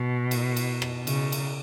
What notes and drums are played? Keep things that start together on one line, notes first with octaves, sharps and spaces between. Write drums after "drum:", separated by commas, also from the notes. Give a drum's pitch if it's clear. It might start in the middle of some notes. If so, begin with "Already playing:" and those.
Already playing: B2
drum: cymbal
drum: cymbal
drum: rim click
C#3, drum: cymbal
drum: cymbal